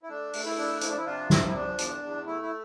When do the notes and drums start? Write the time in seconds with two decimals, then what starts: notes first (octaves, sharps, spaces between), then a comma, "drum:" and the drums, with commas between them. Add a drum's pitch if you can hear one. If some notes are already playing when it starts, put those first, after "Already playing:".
0.03 E4
0.09 A3 D4
0.34 A3, drum: open hi-hat
0.45 E4
0.58 D4
0.81 F3 E4, drum: hi-hat
0.89 D4
0.97 E4
1.06 C3 D4 F4
1.30 F3 E4, drum: snare
1.49 E4
1.54 E2 D4
1.79 E2, drum: hi-hat
2.03 E2
2.26 A3 E4
2.42 E4